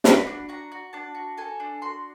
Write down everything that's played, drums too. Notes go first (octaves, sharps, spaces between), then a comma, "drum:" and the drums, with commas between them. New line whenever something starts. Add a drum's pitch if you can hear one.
F#4 B5, drum: snare
D4
F#4 A#5
F#4
D4 A5
F#4
A4 G#5
D4
F#4 C6